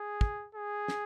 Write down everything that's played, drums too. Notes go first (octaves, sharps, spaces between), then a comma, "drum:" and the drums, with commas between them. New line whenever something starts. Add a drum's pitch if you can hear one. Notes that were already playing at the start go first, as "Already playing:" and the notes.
Already playing: G#4
drum: kick
G#4
drum: snare